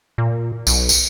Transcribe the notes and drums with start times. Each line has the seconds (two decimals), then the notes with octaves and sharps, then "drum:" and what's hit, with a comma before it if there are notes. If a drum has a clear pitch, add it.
0.18 A#2
0.67 B1, drum: tambourine
0.89 drum: tambourine